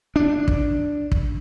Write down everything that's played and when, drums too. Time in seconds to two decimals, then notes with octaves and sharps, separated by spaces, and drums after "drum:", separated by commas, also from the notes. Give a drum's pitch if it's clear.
0.16 D4
0.48 drum: kick
1.12 drum: kick